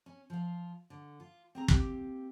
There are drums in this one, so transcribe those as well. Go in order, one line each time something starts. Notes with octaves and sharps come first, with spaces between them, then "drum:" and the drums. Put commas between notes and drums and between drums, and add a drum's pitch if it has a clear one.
C#4
F3 F4
D3
F4
C4 G#4 A#5
A#3 C4 G4, drum: kick